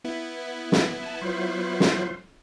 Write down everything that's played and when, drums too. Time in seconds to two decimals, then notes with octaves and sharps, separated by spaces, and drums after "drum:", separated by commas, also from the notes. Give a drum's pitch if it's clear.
0.04 B3 E4
0.72 drum: snare
1.03 A5
1.22 F#3 F4 C5
1.80 drum: snare